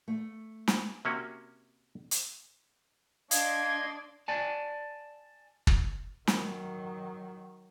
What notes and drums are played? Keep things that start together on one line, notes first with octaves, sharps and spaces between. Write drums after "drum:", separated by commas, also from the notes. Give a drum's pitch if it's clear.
A3
drum: snare
C3 A#3 C#4 F#4
drum: hi-hat
D4 D5 D#5 F5 C6 G#6, drum: hi-hat
D5 G#5 A5
drum: kick
D#3 F#3, drum: snare